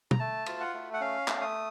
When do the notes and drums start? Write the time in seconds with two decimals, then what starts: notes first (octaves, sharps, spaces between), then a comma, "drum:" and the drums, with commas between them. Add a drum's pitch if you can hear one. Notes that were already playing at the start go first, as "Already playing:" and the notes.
0.11 A#5, drum: tom
0.19 A3 A5
0.46 F4, drum: cymbal
0.60 F#5
0.74 A3
0.94 F#5
1.01 C#4 F5
1.28 A3, drum: clap
1.41 D#6